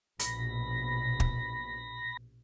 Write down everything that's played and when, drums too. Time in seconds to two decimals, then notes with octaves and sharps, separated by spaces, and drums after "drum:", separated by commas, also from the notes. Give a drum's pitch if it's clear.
0.19 A#1 B2 B5 A#6, drum: hi-hat
1.20 drum: kick